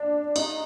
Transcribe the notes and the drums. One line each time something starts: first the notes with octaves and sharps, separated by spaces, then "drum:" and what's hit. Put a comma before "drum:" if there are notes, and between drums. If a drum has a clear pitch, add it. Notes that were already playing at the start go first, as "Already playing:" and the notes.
Already playing: D4
D#4, drum: cymbal